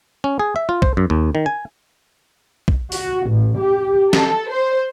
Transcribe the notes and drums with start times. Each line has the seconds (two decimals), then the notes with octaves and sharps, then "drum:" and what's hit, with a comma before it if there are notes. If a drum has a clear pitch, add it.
0.24 C#4
0.39 G#4
0.56 E5
0.69 F4
0.82 C5, drum: kick
0.97 F#2
1.10 D#2
1.35 D#3
1.46 G#5
2.68 drum: kick
2.92 F#4, drum: open hi-hat
3.27 A1
3.59 G4
4.13 A4, drum: snare
4.50 C5